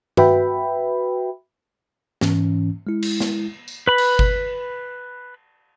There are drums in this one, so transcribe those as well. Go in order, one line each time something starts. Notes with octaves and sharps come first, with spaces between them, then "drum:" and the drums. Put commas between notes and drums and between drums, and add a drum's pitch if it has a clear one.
F#4 B4 E5 G5 B5, drum: tom G2
G#2 E3 C#4, drum: snare
G#3 E4
drum: cymbal
drum: snare
drum: tambourine
B4 B5
drum: cymbal
drum: kick G1